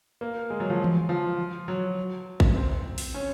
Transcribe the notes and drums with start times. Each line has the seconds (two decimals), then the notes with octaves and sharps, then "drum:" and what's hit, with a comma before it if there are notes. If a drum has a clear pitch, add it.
0.21 A#3
0.50 G#3
0.60 F#3
0.70 F3
0.84 drum: tom E3
1.09 F3
1.68 F#3
2.40 drum: kick A1
2.56 C4
2.98 drum: open hi-hat
3.14 C#4